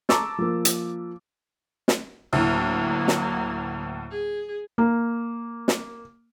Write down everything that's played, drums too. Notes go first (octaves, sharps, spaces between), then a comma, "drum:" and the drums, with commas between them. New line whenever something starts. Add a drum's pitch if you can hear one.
A5 A#5 C#6 D6 E6 A6, drum: snare
F3 A#3
drum: hi-hat
drum: snare
D2 A2 F#3 A#3
drum: snare
G#4
A#3
drum: snare